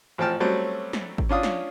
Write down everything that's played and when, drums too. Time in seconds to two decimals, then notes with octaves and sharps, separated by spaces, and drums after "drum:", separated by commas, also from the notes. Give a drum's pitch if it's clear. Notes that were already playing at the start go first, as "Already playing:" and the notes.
0.18 A1 F3 C4 G5 A5 F6
0.40 F#3 G3 A3 C4 C#4
0.93 drum: snare
1.18 drum: kick
1.29 C#4 D4 F4 D#6
1.43 drum: snare